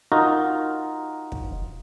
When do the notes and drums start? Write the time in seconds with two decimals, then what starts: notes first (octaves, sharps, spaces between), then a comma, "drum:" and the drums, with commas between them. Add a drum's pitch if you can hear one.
0.12 D#4 F4 F#4 A#4
1.32 drum: kick